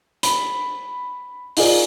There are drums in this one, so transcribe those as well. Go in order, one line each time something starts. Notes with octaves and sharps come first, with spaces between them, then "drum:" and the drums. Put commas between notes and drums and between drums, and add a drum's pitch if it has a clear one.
B5, drum: hi-hat
D#4 F4 G#4 A#4 D5, drum: open hi-hat